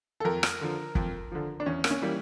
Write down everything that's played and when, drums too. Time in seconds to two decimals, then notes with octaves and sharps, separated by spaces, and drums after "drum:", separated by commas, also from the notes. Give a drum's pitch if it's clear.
0.20 A4
0.25 F2 A#4
0.43 drum: rim click
0.61 D3 F3
0.95 F2, drum: kick
1.32 D3 F3
1.60 D4
1.66 E2 C#4
1.84 A#3, drum: rim click
1.91 C#4
2.02 E3 G3 A#3